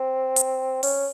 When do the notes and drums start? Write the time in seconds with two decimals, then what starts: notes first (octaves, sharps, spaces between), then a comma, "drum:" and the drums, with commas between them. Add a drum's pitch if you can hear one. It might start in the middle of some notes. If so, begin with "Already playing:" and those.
Already playing: C4
0.36 drum: hi-hat
0.83 C#4, drum: open hi-hat